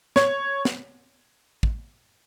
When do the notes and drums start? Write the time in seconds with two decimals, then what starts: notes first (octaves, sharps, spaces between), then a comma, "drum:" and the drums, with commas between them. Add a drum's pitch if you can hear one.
0.16 C#5, drum: snare
0.65 drum: snare
1.63 drum: kick